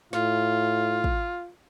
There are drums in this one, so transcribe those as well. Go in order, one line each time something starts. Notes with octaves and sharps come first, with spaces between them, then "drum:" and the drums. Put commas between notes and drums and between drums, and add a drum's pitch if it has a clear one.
A2 F4, drum: snare
drum: kick